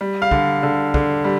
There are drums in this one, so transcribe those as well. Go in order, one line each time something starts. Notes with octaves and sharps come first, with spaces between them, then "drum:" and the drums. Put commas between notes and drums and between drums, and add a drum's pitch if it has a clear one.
G3
F5
D3, drum: kick
D3
D3, drum: kick
G3